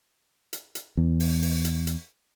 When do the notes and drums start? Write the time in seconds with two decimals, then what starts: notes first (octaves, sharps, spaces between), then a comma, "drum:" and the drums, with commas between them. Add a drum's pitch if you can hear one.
0.53 drum: hi-hat
0.75 drum: hi-hat
0.97 E2
1.20 drum: open hi-hat
1.42 drum: open hi-hat
1.65 drum: hi-hat
1.87 drum: hi-hat